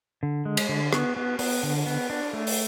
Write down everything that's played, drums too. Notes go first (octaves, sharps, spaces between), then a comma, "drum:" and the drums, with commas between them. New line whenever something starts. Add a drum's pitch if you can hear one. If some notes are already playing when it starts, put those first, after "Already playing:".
D3
G#3
drum: cymbal
D3
B3, drum: rim click
B3
B3, drum: open hi-hat
D3
B3
D4
A3
drum: open hi-hat